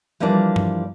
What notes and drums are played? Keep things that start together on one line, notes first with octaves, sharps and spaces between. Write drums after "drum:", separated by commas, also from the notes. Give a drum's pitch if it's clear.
E3 F3 G3 A#3 D4 D5
drum: tom G2